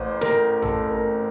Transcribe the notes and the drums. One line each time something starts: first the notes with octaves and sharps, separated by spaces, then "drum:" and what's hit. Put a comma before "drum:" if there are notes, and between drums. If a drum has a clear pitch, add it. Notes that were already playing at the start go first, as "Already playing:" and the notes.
Already playing: A1 A2 C5
A#4, drum: snare
A4, drum: tom A1
A#4